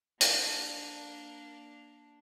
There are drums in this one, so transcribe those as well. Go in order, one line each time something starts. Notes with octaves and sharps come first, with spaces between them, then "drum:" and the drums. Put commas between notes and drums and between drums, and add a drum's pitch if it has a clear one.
A#3 D4, drum: hi-hat